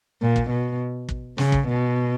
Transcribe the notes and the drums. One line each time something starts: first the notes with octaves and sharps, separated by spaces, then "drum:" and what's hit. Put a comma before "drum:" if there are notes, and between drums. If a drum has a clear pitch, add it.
A#2
drum: kick
B2
drum: kick
C#3, drum: snare
drum: kick
B2